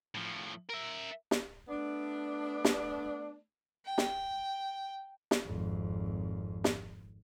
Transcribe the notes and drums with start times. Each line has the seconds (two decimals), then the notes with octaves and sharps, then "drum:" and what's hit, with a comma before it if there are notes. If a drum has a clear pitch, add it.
0.15 A2 F3
0.69 A#4 E5
1.31 drum: snare
1.68 A3 B3 D4
2.65 drum: snare
3.86 G5
3.98 drum: snare
5.31 drum: snare
5.45 G#1 F2
6.64 drum: snare